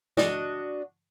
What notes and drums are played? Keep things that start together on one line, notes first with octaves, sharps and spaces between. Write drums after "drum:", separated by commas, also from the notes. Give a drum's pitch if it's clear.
D4 F#4 D#5, drum: snare